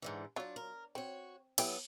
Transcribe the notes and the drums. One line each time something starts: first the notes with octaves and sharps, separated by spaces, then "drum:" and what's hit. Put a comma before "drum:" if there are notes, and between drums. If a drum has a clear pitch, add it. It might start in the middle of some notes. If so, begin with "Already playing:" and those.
G#2 D3 E3
F#3 D4 F4 C#5
A#4
C4 F#4 C#5
F#3 B3 E4 G4 A4 G5, drum: cymbal